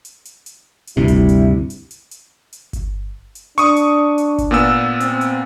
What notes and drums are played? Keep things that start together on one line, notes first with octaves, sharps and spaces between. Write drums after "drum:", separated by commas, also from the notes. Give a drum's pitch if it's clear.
drum: hi-hat
drum: hi-hat
drum: hi-hat
drum: hi-hat
D2 G2 C3 G3 E4
drum: kick G1, hi-hat
drum: hi-hat
drum: hi-hat
drum: hi-hat
drum: hi-hat
drum: hi-hat
drum: kick G1, hi-hat
drum: hi-hat
D4 C#6 D#6, drum: hi-hat
drum: hi-hat
drum: hi-hat
drum: kick G1, hi-hat
A#2 B3 E6
C4, drum: hi-hat
drum: hi-hat